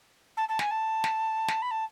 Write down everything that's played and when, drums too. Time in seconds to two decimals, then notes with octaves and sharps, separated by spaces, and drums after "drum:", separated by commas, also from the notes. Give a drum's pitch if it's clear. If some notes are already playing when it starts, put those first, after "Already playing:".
0.37 A5
0.48 A5
0.59 G#5, drum: snare
0.70 A5
1.04 drum: snare
1.48 drum: snare
1.62 B5
1.70 A5